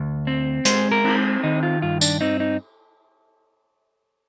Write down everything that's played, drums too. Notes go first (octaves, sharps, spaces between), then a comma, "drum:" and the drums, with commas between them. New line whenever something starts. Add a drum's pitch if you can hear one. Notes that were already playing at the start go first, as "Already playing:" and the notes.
Already playing: D2
C4
G#3 C5, drum: hi-hat
A#4
C4, drum: cymbal
D#3 D#4
F4
G2 F4
D4, drum: tambourine
C4 D#4
D#4